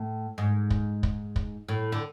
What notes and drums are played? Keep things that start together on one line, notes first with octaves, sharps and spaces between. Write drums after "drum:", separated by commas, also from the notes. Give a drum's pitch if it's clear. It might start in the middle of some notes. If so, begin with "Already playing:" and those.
Already playing: A2
G#2
drum: kick
drum: kick
drum: kick
A2
D3